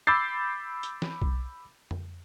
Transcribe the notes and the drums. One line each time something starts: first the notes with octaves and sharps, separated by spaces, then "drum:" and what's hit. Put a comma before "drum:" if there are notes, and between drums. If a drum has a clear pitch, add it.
B5 D6 E6 G6 A6 C7
drum: hi-hat
drum: snare
drum: kick B1
drum: tom F2